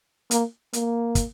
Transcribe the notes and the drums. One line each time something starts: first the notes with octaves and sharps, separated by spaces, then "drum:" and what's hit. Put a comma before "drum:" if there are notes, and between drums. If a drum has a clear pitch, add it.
A#3, drum: hi-hat
A#3, drum: hi-hat
drum: kick, hi-hat